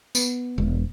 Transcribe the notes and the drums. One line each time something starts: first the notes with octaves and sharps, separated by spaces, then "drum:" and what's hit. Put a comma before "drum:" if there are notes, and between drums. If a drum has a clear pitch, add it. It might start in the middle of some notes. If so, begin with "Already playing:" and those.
B3, drum: tambourine
E1